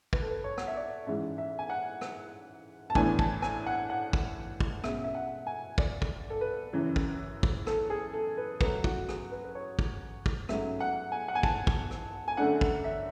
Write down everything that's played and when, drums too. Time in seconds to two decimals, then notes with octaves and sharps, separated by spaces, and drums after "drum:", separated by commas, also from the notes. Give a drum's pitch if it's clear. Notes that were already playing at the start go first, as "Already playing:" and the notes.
0.13 B4, drum: kick
0.22 A4
0.30 B4
0.44 C#5
0.58 F#5, drum: rim click
0.67 E5
0.76 D5
1.07 G#2 E3 G#3 C#4 E5
1.38 E5
1.59 G#5
1.70 F#5
2.01 drum: rim click
2.90 A5
2.95 A2 E3 B3 D4 G#5, drum: kick
3.19 A5, drum: kick
3.42 G#5, drum: rim click
3.66 F#5
3.90 F#5
4.13 drum: kick
4.60 drum: kick
4.84 B2 G#3 C#4 E5, drum: rim click
5.04 E5
5.15 F#5
5.47 G#5
5.78 D5, drum: kick
6.02 drum: kick
6.30 A4
6.41 B4
6.73 F#2 C#3 E3
6.96 drum: kick
7.43 drum: kick
7.67 A4, drum: rim click
7.90 G#4
8.13 A4
8.37 B4
8.61 C#3 F#3 A3 C#4 B4, drum: kick
8.84 F#4, drum: kick
9.09 G#4, drum: rim click
9.31 B4
9.44 B4
9.55 C#5
9.79 drum: kick
10.26 drum: kick
10.49 G#2 F#3 A3 C#4 E5, drum: rim click
10.80 F#5
11.12 G#5
11.28 F#5
11.35 G#5
11.43 A5, drum: kick
11.67 drum: kick
11.91 drum: rim click
12.28 G#5
12.37 F#2 D3 A3 D4 F#5
12.61 drum: kick
12.84 E5